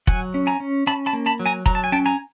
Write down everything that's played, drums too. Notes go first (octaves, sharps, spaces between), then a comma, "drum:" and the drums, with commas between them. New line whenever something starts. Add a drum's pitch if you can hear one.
F#3 F#5 G#5, drum: kick F1
C#4
G#5 A#5
C#4
C#4 A5 B5
A5 B5
A#3
A5 B5
F#3
G#5 A#5
F#3 A#5, drum: kick F1
A5
G#5
C#4 G5 A5
G#5 A#5